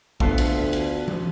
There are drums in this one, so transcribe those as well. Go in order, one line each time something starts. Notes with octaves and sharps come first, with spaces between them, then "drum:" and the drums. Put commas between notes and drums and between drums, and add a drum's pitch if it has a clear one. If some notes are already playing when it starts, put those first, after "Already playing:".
D2 B3 F4 A4, drum: kick
drum: cymbal
drum: cymbal
drum: tom E3